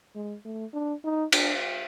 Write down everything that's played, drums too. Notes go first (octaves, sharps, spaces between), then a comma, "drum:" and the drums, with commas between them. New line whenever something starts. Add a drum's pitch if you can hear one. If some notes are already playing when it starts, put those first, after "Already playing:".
G#3
A3
D4
D#4
D4, drum: cymbal